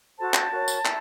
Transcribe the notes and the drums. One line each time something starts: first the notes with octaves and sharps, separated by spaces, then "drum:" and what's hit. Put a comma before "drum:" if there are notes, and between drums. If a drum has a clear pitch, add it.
F#4 A4 C5 A5
drum: clap
F#4 A#4 C#5
drum: tambourine
E4, drum: clap